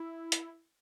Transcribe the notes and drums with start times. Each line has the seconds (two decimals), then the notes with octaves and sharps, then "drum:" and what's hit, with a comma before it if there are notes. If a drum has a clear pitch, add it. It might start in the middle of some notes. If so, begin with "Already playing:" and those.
Already playing: E4
0.32 drum: hi-hat